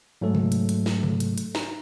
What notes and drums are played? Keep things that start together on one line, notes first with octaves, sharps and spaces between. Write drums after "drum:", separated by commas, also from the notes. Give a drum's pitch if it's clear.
G#2 F#3 A3 A4
drum: tom C3
drum: hi-hat
drum: hi-hat
drum: snare
drum: tom C3
drum: hi-hat
drum: hi-hat
A#5, drum: snare